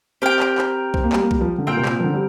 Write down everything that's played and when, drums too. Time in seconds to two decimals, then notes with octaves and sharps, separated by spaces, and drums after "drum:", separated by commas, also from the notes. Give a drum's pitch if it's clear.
0.22 C4 G4 A#4 G5
0.40 drum: clap
0.58 drum: clap
0.94 C4, drum: kick B1
1.03 A#3
1.13 G3, drum: clap
1.22 A#3
1.31 G3, drum: kick B1
1.41 F3
1.58 D3
1.67 A#2 C4 A#4 G5
1.77 C3
1.85 A#2, drum: clap
2.00 F3
2.04 D3
2.14 G3